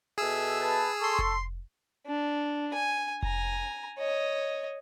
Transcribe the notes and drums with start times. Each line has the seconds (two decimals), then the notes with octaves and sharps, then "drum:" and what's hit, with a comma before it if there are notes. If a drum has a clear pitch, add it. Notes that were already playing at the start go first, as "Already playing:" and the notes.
0.18 B2 G#4 A4 E5 E6
0.59 B4 A5
1.01 A4 C6 C#6
1.19 drum: kick F1
2.07 D4
2.74 G#5
3.23 G#5 A#5, drum: kick F1
3.99 C#5 D#5